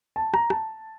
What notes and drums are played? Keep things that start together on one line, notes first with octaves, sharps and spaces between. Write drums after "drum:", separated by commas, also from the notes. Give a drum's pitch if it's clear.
A5
A#5, drum: rim click
A5, drum: rim click